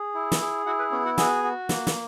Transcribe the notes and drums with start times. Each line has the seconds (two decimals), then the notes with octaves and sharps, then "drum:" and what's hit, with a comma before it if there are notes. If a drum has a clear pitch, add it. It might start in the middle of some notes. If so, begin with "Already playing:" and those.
Already playing: G#4
0.15 E4
0.32 drum: snare
0.41 G#4
0.66 E4 F#4 F#5
0.79 B4
0.91 B3 C#4 C#5
1.05 F#4 F#5
1.18 F#4 G#4 G#5, drum: snare
1.43 F#4
1.69 A#3, drum: snare
1.87 drum: snare